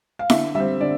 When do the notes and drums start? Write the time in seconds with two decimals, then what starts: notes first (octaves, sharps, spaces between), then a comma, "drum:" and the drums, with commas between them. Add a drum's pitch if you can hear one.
0.19 F5
0.30 D3 E5, drum: snare E4
0.55 G3 C4 E5
0.81 D3 D5